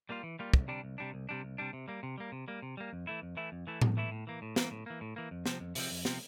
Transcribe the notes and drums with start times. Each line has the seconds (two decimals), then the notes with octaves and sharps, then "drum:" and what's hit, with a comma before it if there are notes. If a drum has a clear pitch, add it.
0.09 G3 A#3 F4
0.23 E3
0.39 G3 A#3 F4
0.54 C2, drum: kick
0.68 C3 G3 D4
0.83 C2
0.98 C3 G3 D4
1.14 C2
1.29 C3 G3 D4
1.43 C2
1.58 C3 G3 D4
1.73 C3
1.88 G3 A#3
2.03 C3
2.18 G3 A#3
2.32 C3
2.48 G3 A#3
2.62 C3
2.77 G3 A#3
2.93 F2
3.07 E3 A3 E4
3.22 F2
3.37 E3 A3 E4
3.52 F2
3.67 E3 A3 E4
3.82 F2, drum: tom A2
3.97 E3 A3 E4
4.11 A2
4.27 E3 A#3
4.42 A2
4.56 E3 A#3, drum: snare
4.71 A2
4.86 E3 A#3
5.01 A2
5.16 E3 A#3
5.31 F2
5.46 C3 F3 C4, drum: snare
5.60 F2
5.75 C3 F3 C4, drum: open hi-hat
5.91 F2
6.05 C3 F3 C4, drum: snare